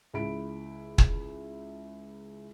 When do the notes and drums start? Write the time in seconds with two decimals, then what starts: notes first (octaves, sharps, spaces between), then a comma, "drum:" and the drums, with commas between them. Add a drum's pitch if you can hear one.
0.14 C#2 E4 B5 D7
0.98 drum: kick